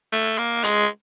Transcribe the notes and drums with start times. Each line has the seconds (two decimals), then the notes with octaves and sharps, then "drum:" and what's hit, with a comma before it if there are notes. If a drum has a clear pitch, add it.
0.12 A3
0.38 A#3
0.64 G#3, drum: hi-hat